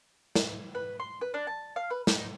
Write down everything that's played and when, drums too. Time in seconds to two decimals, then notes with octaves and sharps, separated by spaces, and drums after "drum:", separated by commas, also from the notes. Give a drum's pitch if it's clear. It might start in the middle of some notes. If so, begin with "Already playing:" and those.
0.35 drum: snare
0.75 B4
1.00 C6
1.21 B4
1.34 D4
1.47 A5
1.76 F5
1.90 B4
2.07 D#4, drum: snare